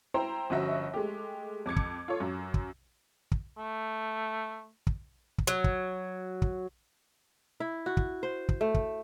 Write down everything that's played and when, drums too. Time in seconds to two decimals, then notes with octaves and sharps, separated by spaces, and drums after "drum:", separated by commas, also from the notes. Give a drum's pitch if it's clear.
0.14 E4 C5 G5 A#5 C6
0.50 G1 F3 C#4 F#4 D#5 E5
0.94 G#3 A3 G4
1.66 F2 D6 G#6 C#7
1.76 drum: kick
2.08 F4 A4 C#5
2.20 F#2
2.54 drum: kick
3.32 drum: kick
3.58 A3
4.87 drum: kick
5.38 drum: kick
5.47 F#3
5.64 drum: kick
6.42 drum: kick
7.60 E4
7.86 F#4
7.97 drum: kick
8.23 C5
8.49 drum: kick
8.61 A3
8.74 drum: kick